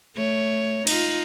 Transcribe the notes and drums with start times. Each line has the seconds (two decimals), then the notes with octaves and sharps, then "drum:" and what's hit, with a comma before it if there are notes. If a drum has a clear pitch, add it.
0.15 A3 C#5
0.87 D#4 F4, drum: cymbal